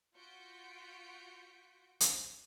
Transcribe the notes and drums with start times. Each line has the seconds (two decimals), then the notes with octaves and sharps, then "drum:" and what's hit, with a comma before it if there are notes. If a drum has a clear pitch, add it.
0.16 F4 F#4 G6 B6 C#7 D7
2.00 drum: hi-hat